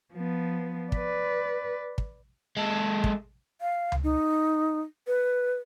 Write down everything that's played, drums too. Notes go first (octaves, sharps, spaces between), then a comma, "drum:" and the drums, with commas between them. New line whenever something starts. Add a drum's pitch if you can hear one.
F3 B3
B4 D5, drum: kick
drum: kick
G#3 A4
drum: kick
F5
drum: tom C#2
D#4
B4